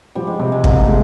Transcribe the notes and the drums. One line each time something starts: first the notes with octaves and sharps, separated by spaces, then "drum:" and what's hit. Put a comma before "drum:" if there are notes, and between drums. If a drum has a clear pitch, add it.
F3 G3
G#3
C3 G3
G#3
C2 A#3, drum: kick
A3
G#3